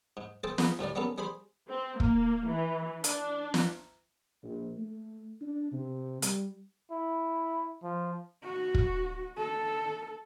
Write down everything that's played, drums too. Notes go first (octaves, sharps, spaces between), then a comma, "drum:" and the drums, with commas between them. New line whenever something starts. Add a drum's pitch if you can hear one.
G#2
G#4 A4 C5 G5 A5
B3 G#4, drum: snare
D2 A2 G3 D5
G3 A#3 B3 C#4 A4
G3 G#4 C5 B5
C4
A#3, drum: kick
E3
D4, drum: hi-hat
drum: snare
A#1
A3
D4
C3
G3, drum: hi-hat
E4
F3
F#4
drum: kick
A4